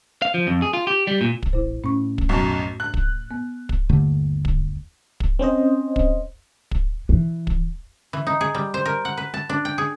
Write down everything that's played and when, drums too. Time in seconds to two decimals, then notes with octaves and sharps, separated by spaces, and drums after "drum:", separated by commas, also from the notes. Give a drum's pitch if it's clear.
0.22 F5
0.34 F3
0.47 F2
0.62 G#4
0.73 F4
0.87 G4
1.07 G3
1.21 A#2
1.43 drum: kick
1.53 A1 E4 C5
1.84 A2 C#4 C#6
2.18 drum: kick
2.29 B1 F#2
2.80 F#6
2.94 drum: kick
3.31 B3
3.69 drum: kick
3.89 G1 D#2 D3 A3
4.45 drum: kick
5.20 drum: kick
5.39 C4 C#4 C5 D#5
5.96 drum: kick
6.71 drum: kick
7.09 E3
7.47 drum: kick
8.13 E3
8.27 D#4
8.41 G#4
8.54 G3
8.74 C5
8.85 A#4
9.05 F#5
9.17 B4
9.34 A5
9.49 D4
9.65 G5
9.78 G#4